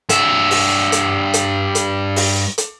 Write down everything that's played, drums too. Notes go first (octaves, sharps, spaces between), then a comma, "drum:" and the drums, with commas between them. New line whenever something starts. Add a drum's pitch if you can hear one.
G2 E5, drum: hi-hat
drum: open hi-hat
drum: hi-hat
drum: hi-hat
drum: hi-hat
drum: open hi-hat
drum: hi-hat